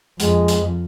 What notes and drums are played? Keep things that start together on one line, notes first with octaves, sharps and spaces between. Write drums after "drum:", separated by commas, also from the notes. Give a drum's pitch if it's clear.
F2 G#3, drum: hi-hat
drum: hi-hat